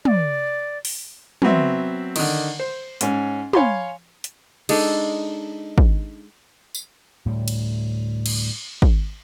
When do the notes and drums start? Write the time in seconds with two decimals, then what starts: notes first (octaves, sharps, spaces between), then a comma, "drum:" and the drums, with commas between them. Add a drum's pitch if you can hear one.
0.05 D5, drum: tom
0.85 drum: open hi-hat
1.42 F#3 B3 C4 E5, drum: tom
2.16 D3 D#3, drum: cymbal
2.60 C5
3.01 G#2 C#4, drum: hi-hat
3.53 C#5 F5 G#5 B5 C6, drum: tom
4.24 drum: hi-hat
4.69 G#3 D4 D#4 A4, drum: cymbal
5.78 drum: kick
6.75 drum: tambourine
7.26 D2 A2 G3
7.48 drum: cymbal
8.26 drum: cymbal
8.82 drum: kick